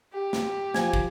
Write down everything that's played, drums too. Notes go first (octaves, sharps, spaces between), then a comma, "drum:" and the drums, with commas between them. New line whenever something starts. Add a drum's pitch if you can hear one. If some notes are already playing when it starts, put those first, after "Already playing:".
G4
drum: snare
F3 G#5, drum: snare
drum: kick